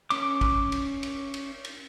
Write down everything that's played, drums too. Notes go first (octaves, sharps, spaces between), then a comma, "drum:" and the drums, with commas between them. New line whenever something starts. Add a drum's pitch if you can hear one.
C#4 D6, drum: cymbal
drum: kick, cymbal
drum: cymbal
drum: cymbal
drum: cymbal
drum: cymbal